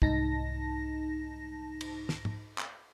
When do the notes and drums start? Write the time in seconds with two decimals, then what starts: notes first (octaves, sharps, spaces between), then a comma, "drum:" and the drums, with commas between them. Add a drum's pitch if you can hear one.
0.02 C2 G#2 D#4 A5 A#6, drum: kick
1.81 drum: cymbal
2.09 drum: snare
2.25 drum: tom G#2
2.58 drum: clap